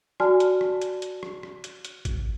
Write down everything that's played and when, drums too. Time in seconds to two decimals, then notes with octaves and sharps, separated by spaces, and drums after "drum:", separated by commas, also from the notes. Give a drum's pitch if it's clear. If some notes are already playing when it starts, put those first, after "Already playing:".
0.20 F#4 D5 G#5 A5 F6, drum: rim click
0.40 drum: hi-hat
0.61 drum: rim click
0.82 drum: hi-hat
1.02 drum: hi-hat
1.23 drum: rim click
1.43 drum: rim click
1.64 drum: hi-hat
1.85 drum: hi-hat
2.05 drum: kick G#1, hi-hat